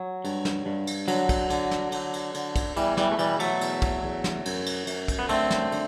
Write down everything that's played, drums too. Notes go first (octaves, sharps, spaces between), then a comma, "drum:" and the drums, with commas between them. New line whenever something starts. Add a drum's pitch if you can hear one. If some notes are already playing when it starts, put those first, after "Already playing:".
Already playing: F#3
G2, drum: cymbal
drum: snare
G2
drum: cymbal
D3 F#3, drum: cymbal
drum: kick, cymbal
D3, drum: cymbal
drum: snare
D3, drum: cymbal
drum: cymbal
D3, drum: cymbal
drum: kick, cymbal
E2 E3 G3, drum: cymbal
E3 G3, drum: snare
A3
B2 E3 G3, drum: cymbal
F#3 A3, drum: cymbal
E2, drum: cymbal
drum: kick, cymbal
E2
drum: snare
F#2, drum: cymbal
drum: cymbal
F#2, drum: cymbal
drum: kick, cymbal
B3
D3 A3 C4, drum: cymbal
drum: snare
D3, drum: cymbal